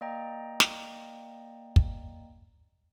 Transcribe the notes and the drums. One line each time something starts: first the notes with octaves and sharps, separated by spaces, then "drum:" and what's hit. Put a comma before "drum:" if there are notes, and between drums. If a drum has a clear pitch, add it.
A#3 D5 D#5 G5 A#5
drum: snare
drum: kick